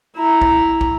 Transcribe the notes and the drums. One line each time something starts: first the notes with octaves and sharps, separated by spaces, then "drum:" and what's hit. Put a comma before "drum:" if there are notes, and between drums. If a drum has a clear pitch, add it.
E4 A#5
drum: kick
drum: kick